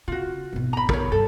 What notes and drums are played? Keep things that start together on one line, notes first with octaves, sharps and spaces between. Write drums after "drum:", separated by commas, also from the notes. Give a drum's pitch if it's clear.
C#3 F4 F#4
G#1 B2
A#5 B5
A#4 C#5, drum: kick
G2 A4